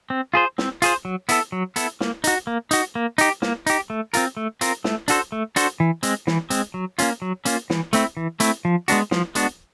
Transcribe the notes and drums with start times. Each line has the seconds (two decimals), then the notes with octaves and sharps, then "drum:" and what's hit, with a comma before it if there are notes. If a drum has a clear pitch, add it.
0.10 C4
0.34 F4 G#4 C5
0.58 C4, drum: snare
0.82 F4 G#4 C5, drum: hi-hat
1.05 F#3
1.29 B3 E4 A4, drum: hi-hat
1.52 F#3
1.76 B3 E4 A4, drum: hi-hat
2.01 A#3, drum: snare
2.24 D#4 F#4, drum: hi-hat
2.47 A#3
2.71 D#4 F#4, drum: hi-hat
2.95 A#3
3.18 D#4 G4, drum: hi-hat
3.42 A#3, drum: snare
3.66 D#4 G4, drum: hi-hat
3.90 A3
4.14 C4 F4 A#4, drum: hi-hat
4.37 A3
4.61 C4 F4 A#4, drum: hi-hat
4.84 A3, drum: snare
5.08 D4 F#4 A4 C5, drum: hi-hat
5.32 A3
5.56 D4 F#4 A4 C5, drum: hi-hat
5.80 E3
6.03 G#3 C4, drum: hi-hat
6.27 E3, drum: snare
6.50 G#3 C4, drum: hi-hat
6.74 F#3
6.98 A#3 C#4 F4, drum: hi-hat
7.22 F#3
7.45 A#3 C#4 F4, drum: hi-hat
7.70 E3, drum: snare
7.93 A3 C4 E4, drum: hi-hat
8.17 E3
8.40 A3 C4 E4, drum: hi-hat
8.65 F3
8.88 G#3 B3 D4 F#4, drum: hi-hat
9.11 F3, drum: snare
9.35 G#3 B3 D4 F#4, drum: hi-hat